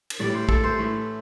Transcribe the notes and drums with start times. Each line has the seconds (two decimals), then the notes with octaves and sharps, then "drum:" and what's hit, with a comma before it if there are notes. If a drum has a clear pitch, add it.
0.10 drum: cymbal
0.19 A2 E3 G3 D5
0.35 C5
0.49 A4, drum: kick
0.64 C5
0.78 A2 E3 A3